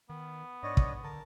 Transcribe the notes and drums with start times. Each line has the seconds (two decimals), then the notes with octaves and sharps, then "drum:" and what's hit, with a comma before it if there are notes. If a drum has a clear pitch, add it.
0.10 D#3 B3
0.63 G#2 D4 C#5 D#5
0.77 drum: kick
1.04 D3 A#4 A5